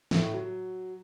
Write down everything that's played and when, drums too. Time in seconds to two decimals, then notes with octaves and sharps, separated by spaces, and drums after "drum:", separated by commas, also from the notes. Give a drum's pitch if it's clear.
0.11 A2 A3, drum: snare
0.33 F#3